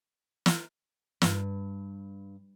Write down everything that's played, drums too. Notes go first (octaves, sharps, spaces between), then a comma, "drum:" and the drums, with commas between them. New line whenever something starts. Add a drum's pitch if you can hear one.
drum: snare
G2, drum: snare